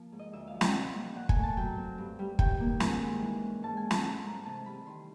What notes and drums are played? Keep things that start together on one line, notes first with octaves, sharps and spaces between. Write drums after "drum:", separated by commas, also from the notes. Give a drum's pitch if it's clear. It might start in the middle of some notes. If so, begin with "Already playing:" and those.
Already playing: F3 A#3
G#2
D#5
D2 E5
F5
F3
G5, drum: snare
C3
A#3
A#2 F#5
G#5, drum: kick
A3
A5
F#3 G5
C4
G2
G3
D#3 G5, drum: kick
A#3
G#2 G#5, drum: snare
G#3
E3
C#4
G#2 A5
G#5
A3
A5, drum: snare
E3 A#5
C4
C3 A5
G3 B5
D#3 C6